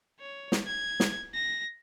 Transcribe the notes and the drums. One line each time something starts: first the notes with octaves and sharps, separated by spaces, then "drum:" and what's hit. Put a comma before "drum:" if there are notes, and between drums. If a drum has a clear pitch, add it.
C#5
drum: snare
G#6
drum: snare
A#6